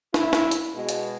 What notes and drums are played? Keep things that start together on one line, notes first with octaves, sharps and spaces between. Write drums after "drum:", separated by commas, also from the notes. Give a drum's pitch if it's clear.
E4, drum: snare
drum: snare
drum: hi-hat
B2 G#3
drum: hi-hat